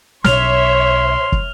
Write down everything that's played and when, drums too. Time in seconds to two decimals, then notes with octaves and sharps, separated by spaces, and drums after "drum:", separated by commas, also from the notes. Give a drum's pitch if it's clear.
0.24 B1 C#5 E5 C6 F6 F7, drum: snare
1.32 drum: kick